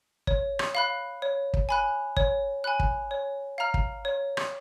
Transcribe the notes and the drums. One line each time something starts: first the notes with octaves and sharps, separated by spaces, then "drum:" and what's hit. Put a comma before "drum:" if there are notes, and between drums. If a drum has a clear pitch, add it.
C#5, drum: kick
drum: rim click
F5 B5 F#6
C#5
drum: kick
G#5 B5 F#6
C#5, drum: kick
G#5 B5 F#6
drum: kick
C#5
F5 A#5 F6
drum: kick
C#5
drum: rim click